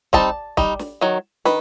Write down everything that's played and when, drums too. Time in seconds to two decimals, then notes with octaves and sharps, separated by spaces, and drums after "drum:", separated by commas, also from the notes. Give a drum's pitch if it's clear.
0.13 G3 C4 D#4 A5, drum: kick
0.57 G3 D#4, drum: kick
0.79 drum: snare
1.01 D#3 F#3
1.45 D#3 B4, drum: snare